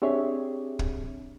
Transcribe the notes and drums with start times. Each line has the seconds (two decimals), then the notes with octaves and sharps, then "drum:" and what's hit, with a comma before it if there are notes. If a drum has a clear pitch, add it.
0.02 C4 D4 G4 G#4 C#5 E5
0.79 drum: kick